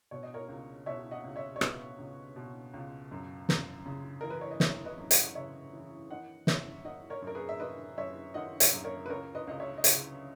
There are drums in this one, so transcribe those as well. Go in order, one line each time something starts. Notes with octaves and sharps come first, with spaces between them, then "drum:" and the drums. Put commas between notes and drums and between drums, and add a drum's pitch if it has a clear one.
B2 C#5
D#5
A#4 C#5
C#2
B2 C#5 E5
D#5 F#5
C#2
C#5 E5
C#5
B2 B4 D#5, drum: rim click
C#2
B2
C#2
F#2
F#2, drum: snare
C#3
E3 A#4
B4
C#5
D#5
F#2 C#5 E5, drum: snare
B4 D#5
F#2
D#5 F#5, drum: hi-hat
C#3 C#5 E5
E3
D#3 D#5 F#5
F#2 C#5 E5, drum: snare
D#3 D#5 F#5
A#4 C#5
F#2
A#4
G#4 B4
E5
D#3 B4 D#5
F#2 C#5 E5
D#3 D#5 F#5
C#5 E5, drum: hi-hat
F#2
A#4 C#5
B4
C#2 A#4 C#5
B4 D#5
C#2 D#5
C#5 E5
D#5
C#3 C#5 E5, drum: hi-hat